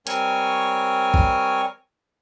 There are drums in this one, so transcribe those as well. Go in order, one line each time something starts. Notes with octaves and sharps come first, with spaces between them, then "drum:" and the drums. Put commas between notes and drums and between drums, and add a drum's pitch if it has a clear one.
G3 C4 A#4 C#5 G#5 C#6, drum: hi-hat
drum: kick A#1